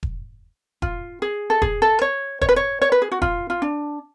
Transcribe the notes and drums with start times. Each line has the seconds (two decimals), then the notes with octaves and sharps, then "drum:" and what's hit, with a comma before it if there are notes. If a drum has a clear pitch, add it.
0.03 drum: kick E1
0.82 F4, drum: kick E1
1.22 G#4
1.50 A4
1.62 G#4, drum: kick E1
1.82 A4
2.02 C#5
2.41 C#5, drum: kick E1
2.49 B4
2.56 C#5
2.82 C#5
2.92 B4
3.02 G#4
3.12 F#4
3.22 F4, drum: kick E1
3.50 F4
3.62 D4